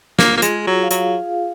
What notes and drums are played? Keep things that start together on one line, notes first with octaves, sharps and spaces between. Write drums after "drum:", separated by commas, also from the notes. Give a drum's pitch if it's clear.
A#3 F4, drum: snare
A#3 F4
G#3, drum: hi-hat
G#4
F#3 F4
F5
F#3, drum: hi-hat